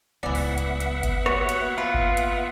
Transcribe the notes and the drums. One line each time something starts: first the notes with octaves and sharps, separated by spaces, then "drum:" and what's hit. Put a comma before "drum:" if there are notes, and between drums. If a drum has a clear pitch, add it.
D1 C#2 E3 B3 D5 E5 F#5
drum: open hi-hat
drum: hi-hat
drum: hi-hat
drum: kick G1, hi-hat
G3 A#3 F#4 C#5, drum: rim click
drum: hi-hat
F4 B4
drum: kick G1
drum: hi-hat